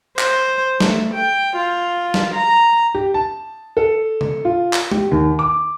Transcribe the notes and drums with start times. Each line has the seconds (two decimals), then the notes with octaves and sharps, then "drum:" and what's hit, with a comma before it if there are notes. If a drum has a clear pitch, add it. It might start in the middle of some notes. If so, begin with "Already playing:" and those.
0.19 C5, drum: clap
0.80 A3, drum: snare
1.14 G5
1.56 F4
2.14 drum: snare
2.35 A#5
2.95 G4
3.14 A5
3.77 A4
4.21 drum: tom C3
4.45 F4
4.73 drum: clap
4.92 G4, drum: tom G#3
5.11 D#2
5.39 D6